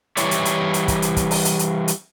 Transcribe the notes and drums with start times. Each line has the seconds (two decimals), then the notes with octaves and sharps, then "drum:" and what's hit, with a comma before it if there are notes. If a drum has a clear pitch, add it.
0.17 E3 G3 E4 C#5 D5, drum: hi-hat
0.31 drum: hi-hat
0.45 drum: hi-hat
0.74 drum: hi-hat
0.88 drum: kick, hi-hat
1.02 drum: hi-hat
1.16 drum: kick, hi-hat
1.31 drum: open hi-hat
1.45 drum: hi-hat
1.59 drum: hi-hat
1.88 drum: hi-hat